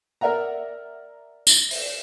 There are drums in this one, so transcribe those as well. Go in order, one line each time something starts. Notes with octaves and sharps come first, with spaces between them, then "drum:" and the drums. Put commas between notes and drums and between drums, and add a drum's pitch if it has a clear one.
A#4 D5 E5 F#5 A#5
drum: tambourine
drum: open hi-hat